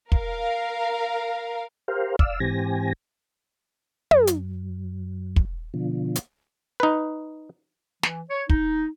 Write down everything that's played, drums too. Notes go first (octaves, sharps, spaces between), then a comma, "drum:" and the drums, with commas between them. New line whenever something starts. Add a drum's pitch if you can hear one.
A#4 F5, drum: kick
G4 A#4 C5 F5
D5 F5 E6, drum: kick
G#2 E3 C4 G4 G#5 A#6
F#2, drum: tom
drum: hi-hat
drum: kick
B2 D3 F3
drum: hi-hat
D#4 B4
E3, drum: snare
C#5
D#4, drum: kick